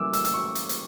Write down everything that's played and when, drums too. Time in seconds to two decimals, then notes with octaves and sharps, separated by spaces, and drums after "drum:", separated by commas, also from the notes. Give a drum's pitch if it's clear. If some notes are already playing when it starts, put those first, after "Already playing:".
Already playing: C#3 E3 G3 A#3 D6 E6
0.13 E6, drum: hi-hat
0.25 E6, drum: hi-hat
0.34 C#6
0.55 drum: hi-hat
0.69 drum: hi-hat